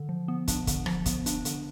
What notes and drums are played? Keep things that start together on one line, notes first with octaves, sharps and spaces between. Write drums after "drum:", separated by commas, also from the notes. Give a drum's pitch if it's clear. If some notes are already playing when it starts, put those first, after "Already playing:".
Already playing: D3
F3
B3
D4, drum: kick, hi-hat
D3, drum: kick, hi-hat
F3, drum: rim click
B3, drum: kick, hi-hat
D4, drum: hi-hat
D3, drum: hi-hat